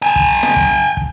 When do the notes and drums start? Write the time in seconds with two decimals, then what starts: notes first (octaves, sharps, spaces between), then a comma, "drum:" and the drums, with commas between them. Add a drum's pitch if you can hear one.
0.02 G5 G#5
0.16 drum: kick
0.43 drum: snare
0.56 drum: kick
0.97 drum: kick